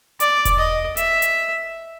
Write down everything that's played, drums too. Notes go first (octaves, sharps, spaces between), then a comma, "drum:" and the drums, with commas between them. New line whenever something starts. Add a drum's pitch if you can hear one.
D5, drum: hi-hat
drum: kick E1, hi-hat
D#5
E5, drum: hi-hat
drum: hi-hat